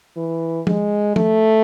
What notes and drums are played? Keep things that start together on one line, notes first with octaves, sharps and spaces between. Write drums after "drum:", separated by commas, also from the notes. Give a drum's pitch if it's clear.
E3
G#3, drum: tom F3
A3, drum: tom F3